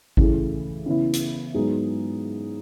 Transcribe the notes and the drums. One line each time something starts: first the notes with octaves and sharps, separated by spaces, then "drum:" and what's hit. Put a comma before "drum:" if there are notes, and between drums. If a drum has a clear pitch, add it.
C#3 E3 A3 E4 G#4, drum: kick G#1
C#3 E3 B3 E4
drum: hi-hat
G#2 F#3 B3 D#4 G#4